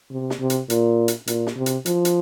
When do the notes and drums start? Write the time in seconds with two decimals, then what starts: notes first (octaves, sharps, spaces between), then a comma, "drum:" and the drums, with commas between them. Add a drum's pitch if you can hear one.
0.11 C3
0.30 drum: snare
0.40 C3
0.50 drum: hi-hat
0.70 A#2, drum: hi-hat
1.08 drum: hi-hat
1.27 A#2, drum: hi-hat
1.47 drum: snare
1.56 C3
1.66 drum: hi-hat
1.86 F3, drum: hi-hat
2.05 drum: hi-hat